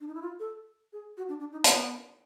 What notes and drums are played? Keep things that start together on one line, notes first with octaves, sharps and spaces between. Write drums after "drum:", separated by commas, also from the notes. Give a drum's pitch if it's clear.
D4
D#4
E4
F4
A4
G#4
F#4
D4
D4
D#4
B3, drum: hi-hat